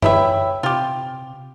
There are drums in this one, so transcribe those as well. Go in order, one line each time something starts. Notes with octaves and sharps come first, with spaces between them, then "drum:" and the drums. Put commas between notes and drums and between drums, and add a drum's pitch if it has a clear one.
E4 B4 C#5 E5 G5, drum: tom F#2
C3 F4 G4